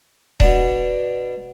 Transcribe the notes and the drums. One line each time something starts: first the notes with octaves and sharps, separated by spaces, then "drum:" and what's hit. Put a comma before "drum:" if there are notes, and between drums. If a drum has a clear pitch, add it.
B2 B3 D4, drum: kick D#1